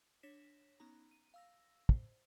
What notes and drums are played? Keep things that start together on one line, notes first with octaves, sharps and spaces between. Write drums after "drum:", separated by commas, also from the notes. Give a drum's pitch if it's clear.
D4 C#5 A#6 B6 E7
B3 C#4 D#4 A#5
D#7
F5 E6 A#6
C5, drum: kick